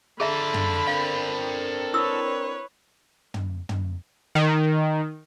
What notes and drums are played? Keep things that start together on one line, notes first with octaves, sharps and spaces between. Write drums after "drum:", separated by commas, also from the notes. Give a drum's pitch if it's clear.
D3 F4 G#4 A4 E5 A#5 B5
drum: tom
C4 D4 A4 A#4 F5 G5
E4 B4 C#5 D#6 E6
drum: tom
drum: tom
D#3